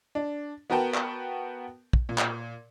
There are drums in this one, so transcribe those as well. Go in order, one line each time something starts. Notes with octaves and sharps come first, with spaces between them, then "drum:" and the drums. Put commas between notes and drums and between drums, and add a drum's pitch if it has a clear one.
D4
B3 F#4 A#4 B4 G5 A5
drum: clap
drum: kick
A#2
drum: clap